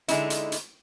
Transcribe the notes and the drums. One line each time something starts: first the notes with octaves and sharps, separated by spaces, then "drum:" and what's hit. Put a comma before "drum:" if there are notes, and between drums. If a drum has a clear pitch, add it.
D3 G#3 D#4 E4, drum: hi-hat
drum: hi-hat
drum: hi-hat